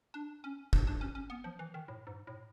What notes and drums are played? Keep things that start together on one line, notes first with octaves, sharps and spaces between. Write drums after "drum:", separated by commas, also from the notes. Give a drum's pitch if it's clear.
D4
C#4
D4, drum: kick
D4
C#4
C#4
B3
F3
E3
D#3
A2
G#2
A2